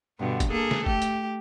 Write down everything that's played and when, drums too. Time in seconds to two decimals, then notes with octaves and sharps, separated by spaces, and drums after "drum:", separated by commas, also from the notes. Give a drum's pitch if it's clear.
0.19 G2 B2 D3
0.40 drum: kick, hi-hat
0.50 A#3 G#4 A4
0.71 drum: snare
0.86 A3 G4, drum: kick
1.02 drum: hi-hat